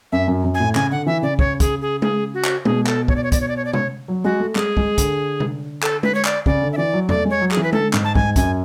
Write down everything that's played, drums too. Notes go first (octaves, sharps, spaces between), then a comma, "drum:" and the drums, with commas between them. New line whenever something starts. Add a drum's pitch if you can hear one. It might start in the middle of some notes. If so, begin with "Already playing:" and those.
F#2 E5
F#2
F#2
G#5
A2
C#3 G#5, drum: clap
D3 F#5
E3 E5
C#3 D5
C#5, drum: kick
G#4, drum: kick, hi-hat
G#4
G#4, drum: tom G#3
F#4
drum: clap
B2 G#4, drum: tom G#3
A4, drum: clap
C#5, drum: kick
D5
C#5
D5, drum: kick, hi-hat
C#5
D5
C#5
D5
C#5, drum: tom C3
F#3
G#3 F#4
A3
G#3 G#4, drum: clap
G#3, drum: kick
D3, drum: kick, hi-hat
drum: tom C3
A4, drum: clap
B4, drum: tom G#3
C#5
D5, drum: clap
C#3 D5, drum: kick
D3
E5
E3 D5
F#3
A3 D5, drum: tom E2
G#3 C#5
F#3
G#4, drum: clap
E3
B4
D3 A4, drum: tom G#3
G#2, drum: clap
A5
G#2 G#5, drum: kick
F#2 G#5, drum: kick, hi-hat